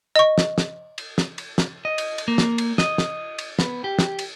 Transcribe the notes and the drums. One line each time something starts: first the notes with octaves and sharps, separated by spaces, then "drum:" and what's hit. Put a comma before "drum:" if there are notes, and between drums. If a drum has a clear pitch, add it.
D#5 C#6
drum: snare
drum: snare
drum: cymbal
drum: snare
drum: cymbal
drum: snare
D#5
drum: cymbal
drum: cymbal
A#3
drum: snare
drum: cymbal
D#5, drum: snare
drum: snare
drum: cymbal
B3, drum: snare
G4
drum: snare
drum: cymbal